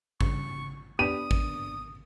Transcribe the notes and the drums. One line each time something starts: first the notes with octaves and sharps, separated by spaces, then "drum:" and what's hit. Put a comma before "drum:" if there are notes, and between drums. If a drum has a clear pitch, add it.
G2 C#3 C#6, drum: kick
B3 D4 G4 B5 D#6 D#7
drum: kick